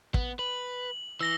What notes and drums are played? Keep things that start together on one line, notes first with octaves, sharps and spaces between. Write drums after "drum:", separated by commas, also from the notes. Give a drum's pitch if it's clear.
B3, drum: kick
B4 F#7
E3 E6 A#6 G7